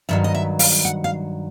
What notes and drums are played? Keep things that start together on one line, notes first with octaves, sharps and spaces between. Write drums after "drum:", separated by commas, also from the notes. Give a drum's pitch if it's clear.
G2 D#3 F#3 E5
D#5
E5
F5, drum: open hi-hat
F#5
F5